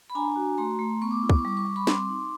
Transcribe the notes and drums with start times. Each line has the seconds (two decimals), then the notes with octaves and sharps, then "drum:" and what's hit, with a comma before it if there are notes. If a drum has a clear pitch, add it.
0.10 B5
0.15 D4 G#5 A#5
0.36 F#4
0.58 A3 A#5 C6
0.79 A3
1.02 B3 C#6
1.11 D6
1.19 E4 C#6
1.30 D6, drum: kick
1.39 C#6
1.45 G3 D6
1.57 C#6
1.65 G3 D6
1.76 B5 C#6
1.87 C4 C6 D6, drum: snare
2.09 D#4